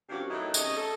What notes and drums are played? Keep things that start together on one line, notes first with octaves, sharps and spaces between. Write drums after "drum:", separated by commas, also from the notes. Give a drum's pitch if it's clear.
F#2 C3 F3 F#3 D4 F5
A2 D#3 F#3 A3 D#4 E4
C3 C#4 G#4 D#5, drum: tambourine
A4